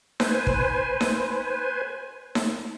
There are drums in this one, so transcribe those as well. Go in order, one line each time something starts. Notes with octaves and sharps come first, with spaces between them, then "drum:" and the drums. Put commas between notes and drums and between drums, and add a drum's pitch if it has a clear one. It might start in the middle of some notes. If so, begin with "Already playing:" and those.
B4 C5 G#5, drum: snare D#4
drum: kick
drum: snare D#4
drum: snare D#4